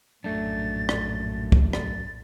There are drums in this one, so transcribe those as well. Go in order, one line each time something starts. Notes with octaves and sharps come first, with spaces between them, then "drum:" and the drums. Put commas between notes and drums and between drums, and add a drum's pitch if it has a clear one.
A#1 F#2 A2 A3 D4 A6
drum: rim click
drum: kick
A6, drum: rim click